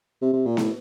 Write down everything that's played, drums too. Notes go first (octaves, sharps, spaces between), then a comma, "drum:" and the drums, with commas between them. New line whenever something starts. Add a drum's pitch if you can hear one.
C3
C3
A#2
A2, drum: snare B3